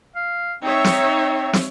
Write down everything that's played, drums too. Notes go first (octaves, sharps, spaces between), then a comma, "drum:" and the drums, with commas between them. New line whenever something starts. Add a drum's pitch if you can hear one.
F5
C4 D#4 C#5 E5
drum: snare
drum: snare